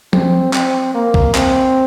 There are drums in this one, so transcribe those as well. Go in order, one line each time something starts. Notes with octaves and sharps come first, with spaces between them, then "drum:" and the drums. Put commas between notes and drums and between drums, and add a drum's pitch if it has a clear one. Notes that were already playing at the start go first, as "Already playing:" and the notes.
C4, drum: tom F3
C4, drum: clap
A#3
drum: kick
C4, drum: clap